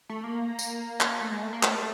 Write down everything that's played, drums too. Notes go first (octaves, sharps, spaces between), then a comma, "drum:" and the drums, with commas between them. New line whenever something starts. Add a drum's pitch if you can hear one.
A3
A#3
drum: tambourine
drum: clap
A3
G#3
A3
A#3
A3, drum: clap